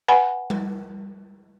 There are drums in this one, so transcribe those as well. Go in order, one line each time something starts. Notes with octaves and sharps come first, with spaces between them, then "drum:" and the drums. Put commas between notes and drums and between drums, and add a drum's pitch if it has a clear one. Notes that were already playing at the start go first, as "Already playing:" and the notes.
B4 F#5 G#5 B5
drum: tom G3